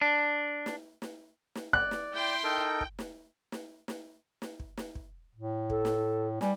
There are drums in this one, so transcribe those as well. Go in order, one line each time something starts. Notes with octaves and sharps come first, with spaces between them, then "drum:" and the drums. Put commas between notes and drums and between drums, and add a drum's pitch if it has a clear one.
D4
drum: snare
drum: snare
drum: snare
D5 F#6, drum: kick
drum: snare
E4 G5 C6
D#4 A4 A#4
drum: kick
drum: snare
drum: snare
drum: snare
drum: snare
drum: kick
drum: snare
drum: kick
A2
A4, drum: kick
drum: snare
G3 G#5, drum: snare